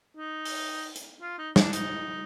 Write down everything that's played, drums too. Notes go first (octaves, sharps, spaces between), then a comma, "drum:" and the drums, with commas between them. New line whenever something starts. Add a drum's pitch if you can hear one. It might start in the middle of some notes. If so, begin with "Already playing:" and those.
D#4
drum: open hi-hat
drum: hi-hat
F4
D#4
D4, drum: snare
D#4, drum: hi-hat